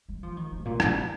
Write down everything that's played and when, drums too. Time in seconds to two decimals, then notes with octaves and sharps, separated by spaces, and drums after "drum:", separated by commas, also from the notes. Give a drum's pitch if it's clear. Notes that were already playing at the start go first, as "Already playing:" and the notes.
0.09 G#3
0.23 F3
0.37 D#3
0.52 D#3
0.60 G#2
0.65 A#2
0.80 G#2, drum: rim click